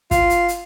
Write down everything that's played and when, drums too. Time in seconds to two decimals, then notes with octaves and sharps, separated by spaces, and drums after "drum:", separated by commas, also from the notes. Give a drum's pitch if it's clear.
0.11 F4, drum: kick, hi-hat
0.30 drum: hi-hat
0.48 drum: hi-hat